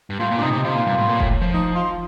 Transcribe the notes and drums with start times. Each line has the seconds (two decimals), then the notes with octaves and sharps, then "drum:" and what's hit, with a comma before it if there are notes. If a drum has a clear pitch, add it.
0.10 G2
0.20 A2 F4
0.31 A#2
0.38 D4
0.42 C3 D#4
0.53 C3
0.64 C3 F4
0.75 A#2
0.87 G2
0.98 A2
1.09 A#2
1.20 A2, drum: kick F1
1.42 F3
1.54 D#4
1.75 F4